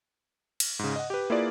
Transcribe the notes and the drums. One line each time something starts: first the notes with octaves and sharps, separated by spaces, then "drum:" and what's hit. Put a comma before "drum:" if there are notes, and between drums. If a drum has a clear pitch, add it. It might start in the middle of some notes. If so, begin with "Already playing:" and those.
drum: cymbal
G#2 C#3
D#5 F#5
G4 B4
A#3 E4 F4 G#4 B4 D5